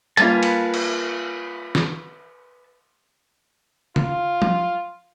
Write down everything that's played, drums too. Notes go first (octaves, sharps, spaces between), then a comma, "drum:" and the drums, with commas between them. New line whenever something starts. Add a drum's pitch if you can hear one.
G3 A#3 F4 B4 G#5 A5, drum: hi-hat
drum: cymbal
drum: cymbal
drum: snare
F4, drum: tom
drum: tom